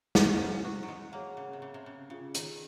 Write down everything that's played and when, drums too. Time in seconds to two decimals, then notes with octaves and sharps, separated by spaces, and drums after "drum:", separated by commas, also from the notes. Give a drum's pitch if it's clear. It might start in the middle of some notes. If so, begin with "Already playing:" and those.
0.15 C4 D#4 F#4 C5 F#5, drum: snare
0.23 C#4
0.32 D#4
0.64 F#4
0.83 F#3
0.88 G#3
1.12 A#3 G#4 C#5 F#5
1.37 C#3
1.53 C3
1.62 C#3
1.74 C3
1.86 C#3
2.10 C#3 C#4 F4 G#4
2.35 D#3, drum: hi-hat